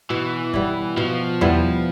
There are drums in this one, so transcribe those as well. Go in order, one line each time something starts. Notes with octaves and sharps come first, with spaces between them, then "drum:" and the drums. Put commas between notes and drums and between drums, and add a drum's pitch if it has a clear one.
B2 E3
G3 B3 E4, drum: kick
B2 F3
G3 B3 E4, drum: tom E2